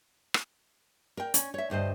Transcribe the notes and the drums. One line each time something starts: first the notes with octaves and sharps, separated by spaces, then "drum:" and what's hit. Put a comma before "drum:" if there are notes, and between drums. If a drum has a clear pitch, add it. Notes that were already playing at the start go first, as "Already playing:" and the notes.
drum: rim click
A#4 G5
C#4, drum: hi-hat
C#5 E5
D2 G2 C5 D#5